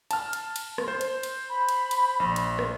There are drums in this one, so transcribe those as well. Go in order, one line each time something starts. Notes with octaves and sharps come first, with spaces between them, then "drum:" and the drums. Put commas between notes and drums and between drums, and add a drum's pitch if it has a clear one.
A5 F6, drum: cymbal
drum: cymbal
drum: cymbal
drum: rim click
C5
drum: cymbal
drum: cymbal
B5
drum: cymbal
drum: cymbal
A#1
drum: cymbal
drum: rim click